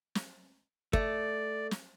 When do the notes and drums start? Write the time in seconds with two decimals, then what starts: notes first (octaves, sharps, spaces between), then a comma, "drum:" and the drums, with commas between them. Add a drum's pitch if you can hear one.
0.15 drum: snare
0.93 A3 D5, drum: kick
1.71 drum: snare